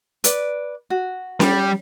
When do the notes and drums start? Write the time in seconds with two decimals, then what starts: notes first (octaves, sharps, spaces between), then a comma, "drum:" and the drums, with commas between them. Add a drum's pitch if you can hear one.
0.24 B4 D5, drum: hi-hat
0.90 F#4
1.40 G3, drum: snare C#4